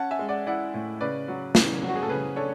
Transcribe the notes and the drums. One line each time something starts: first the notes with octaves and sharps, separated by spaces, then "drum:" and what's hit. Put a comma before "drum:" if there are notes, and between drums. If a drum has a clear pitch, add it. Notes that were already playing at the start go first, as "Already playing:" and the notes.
Already playing: C#4 F#5 A5
E5 G#5
G#3
D5 F#5
E4 D5 F#5
A2
C#3 B4 D5
F#3
C#3, drum: snare
F#3
F#4
G#4
A4
C#3 G#4 B4
D4 A4 C#5